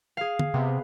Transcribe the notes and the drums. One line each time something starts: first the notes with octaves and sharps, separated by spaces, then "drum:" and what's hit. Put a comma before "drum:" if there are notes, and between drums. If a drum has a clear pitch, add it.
G#4 F5
drum: tom
C3 B3